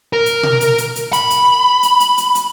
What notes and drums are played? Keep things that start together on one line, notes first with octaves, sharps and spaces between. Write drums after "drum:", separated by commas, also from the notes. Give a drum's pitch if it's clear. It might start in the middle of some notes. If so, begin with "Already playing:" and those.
A#4
drum: hi-hat
drum: tom B2
drum: hi-hat
drum: hi-hat
drum: hi-hat
B5, drum: hi-hat
drum: hi-hat
drum: hi-hat
drum: hi-hat
drum: hi-hat
drum: hi-hat